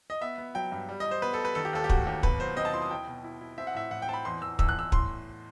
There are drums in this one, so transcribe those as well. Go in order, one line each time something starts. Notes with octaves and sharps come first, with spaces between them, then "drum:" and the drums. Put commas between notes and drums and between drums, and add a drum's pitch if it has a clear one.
D#5
B3 E5
B3
F#3 G5
G2
G3
D#5
G3
C5
B3 B4
A4
G3
B4
D#3 A4
G4
D#2 A4
G4
A3 F#4, drum: kick
D#2 G4
B2 B4, drum: kick
F#3 C5
C4 D#5
A5
E4 C6
D#6
E4 G5
B2
E4
E4
C4 E5
F#5
A2 E5
A2 F#5
G5
C4 A5
B5
E2 C6
E2 E6
E2 E6, drum: kick
F#6
E2 E6
A2 C6, drum: kick